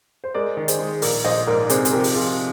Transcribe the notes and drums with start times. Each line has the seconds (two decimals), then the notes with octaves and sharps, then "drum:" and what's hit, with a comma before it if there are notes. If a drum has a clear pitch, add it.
0.24 C5
0.34 G#3 A#4 D5
0.57 D#3
0.68 G#4 C5, drum: hi-hat
0.79 G#3
1.02 A#1 A#4 D5, drum: open hi-hat
1.24 A#1 C5 D#5
1.47 G#2 A#4 D5
1.66 D5
1.70 C3 G#4 C5, drum: hi-hat
1.85 G#4, drum: hi-hat
1.92 F3 G4 A#4
2.04 drum: open hi-hat
2.15 F3 F4 G#4